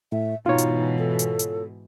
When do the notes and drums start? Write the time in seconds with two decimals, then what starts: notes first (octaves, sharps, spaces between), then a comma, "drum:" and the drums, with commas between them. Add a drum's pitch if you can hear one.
0.12 A2 E5
0.46 G#2 B2 E3 D#4 F4 C#5
0.58 drum: hi-hat
0.99 A4
1.19 drum: hi-hat
1.39 drum: hi-hat